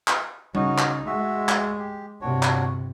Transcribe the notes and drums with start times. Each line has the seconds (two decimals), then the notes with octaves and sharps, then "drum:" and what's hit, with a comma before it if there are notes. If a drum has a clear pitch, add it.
0.08 drum: clap
0.55 C#3 C#4 D#4 F#4, drum: tom G3
0.78 drum: clap
1.07 G#3 F#4 E5
1.49 drum: clap
1.79 G4
2.21 G1 C3 D4 F#4 C#5
2.43 drum: clap